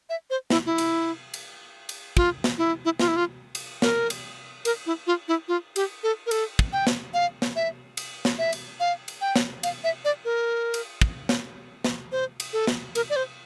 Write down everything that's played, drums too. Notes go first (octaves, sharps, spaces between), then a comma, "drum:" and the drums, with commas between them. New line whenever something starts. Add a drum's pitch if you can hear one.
E5
C5
E4, drum: snare
E4
drum: cymbal
drum: cymbal
drum: cymbal
F4, drum: kick
drum: snare
E4
E4
F4, drum: snare
E4
F4
drum: cymbal
A#4, drum: snare
drum: cymbal
A#4, drum: cymbal
E4
F4
E4
F4
G4, drum: cymbal
A4
A#4
A4, drum: cymbal
drum: kick
G5
drum: snare
F5
drum: snare
E5
drum: cymbal
drum: snare
E5
drum: cymbal
F5
drum: cymbal
G5
drum: snare
F5, drum: cymbal
E5
D5
A#4
drum: cymbal
drum: kick
drum: snare
drum: snare
C5
drum: cymbal
A4
drum: snare
A#4, drum: cymbal
D5
C5